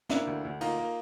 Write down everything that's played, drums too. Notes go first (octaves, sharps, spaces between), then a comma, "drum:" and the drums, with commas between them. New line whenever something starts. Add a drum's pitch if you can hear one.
A#3 D4 E4, drum: snare
D2
D2
A#3 D#4 F4, drum: cymbal
A#3